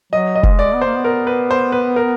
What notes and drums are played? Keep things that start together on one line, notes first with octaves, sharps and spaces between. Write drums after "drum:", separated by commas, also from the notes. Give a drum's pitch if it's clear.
F#3 D#5
D#5
G#3, drum: kick
D5
B3
A#3 C5
B3
A#4
B4
C5
B4
A#4